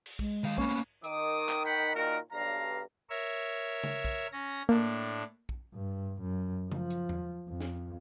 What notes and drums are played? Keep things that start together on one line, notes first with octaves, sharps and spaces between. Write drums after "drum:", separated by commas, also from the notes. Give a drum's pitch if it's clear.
drum: cymbal
G#3, drum: kick
D#3 F5, drum: hi-hat
A#3 B3 C#4, drum: kick
D#3 D6 D#6, drum: hi-hat
drum: clap
F#5 G5 B5, drum: tambourine
A#2 D#3 F#4 A#4
B1 G2 F5 A#5
A#4 C#5 E5
drum: tom C#3
drum: kick
C#4 A#6
A2 A#3 D4
drum: kick
G2
F#2
F3, drum: tom C#3
drum: hi-hat
drum: tom E2
F2
drum: snare